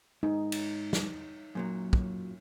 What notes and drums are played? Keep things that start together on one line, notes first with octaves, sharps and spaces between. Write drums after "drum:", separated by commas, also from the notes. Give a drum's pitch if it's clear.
G#2 D#4
drum: cymbal
drum: snare
F#2 A#2 F#3
drum: kick